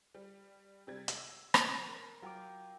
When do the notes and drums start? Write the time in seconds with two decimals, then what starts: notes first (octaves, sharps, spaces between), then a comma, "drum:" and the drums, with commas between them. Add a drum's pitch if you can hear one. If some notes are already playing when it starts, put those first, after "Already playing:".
0.15 G3
0.87 C3 G3 G#6
1.08 E6, drum: hi-hat
1.54 drum: rim click
1.88 A#4
2.22 F#3 F4 G5 D6